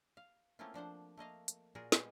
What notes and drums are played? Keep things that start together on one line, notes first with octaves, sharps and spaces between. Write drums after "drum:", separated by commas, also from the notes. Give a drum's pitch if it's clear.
F5
A3 A#3 C4 C#4 E4 F4
F3 D4 C5 F#5
A3 A#3 D#5 F5
drum: hi-hat
A#2 F4 F#4 G#4 A#4
G3 G#3 B3 G#4, drum: snare